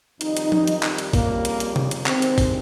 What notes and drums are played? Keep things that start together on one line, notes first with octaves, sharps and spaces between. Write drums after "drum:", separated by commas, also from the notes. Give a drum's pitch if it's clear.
F2 D#3 G3 D#4, drum: hi-hat
drum: hi-hat
drum: tom F3
drum: hi-hat
drum: clap
drum: hi-hat
F2 C#3 G3 A#3, drum: kick, open hi-hat
drum: hi-hat
drum: hi-hat
drum: tom C3
drum: hi-hat
G2 D#3 G#3 C4, drum: clap
drum: hi-hat
drum: kick, open hi-hat